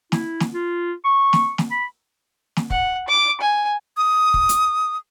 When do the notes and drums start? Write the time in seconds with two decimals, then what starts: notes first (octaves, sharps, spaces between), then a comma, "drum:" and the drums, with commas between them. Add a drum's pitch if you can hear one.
0.12 E4, drum: snare
0.40 drum: snare
0.54 F4
1.05 C#6
1.33 drum: snare
1.58 drum: snare
1.71 B5
2.57 drum: snare
2.70 F#5, drum: kick
3.08 D6
3.41 G#5
3.97 D#6
4.34 drum: kick
4.49 drum: hi-hat